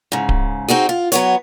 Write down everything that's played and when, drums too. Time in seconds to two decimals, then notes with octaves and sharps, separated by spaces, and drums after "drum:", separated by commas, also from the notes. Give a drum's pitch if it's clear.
0.12 G#2 C#3
0.29 drum: kick D1
0.68 C4 D#4 F#4 G#4
0.89 F4
1.12 F#3 B3 C#5, drum: hi-hat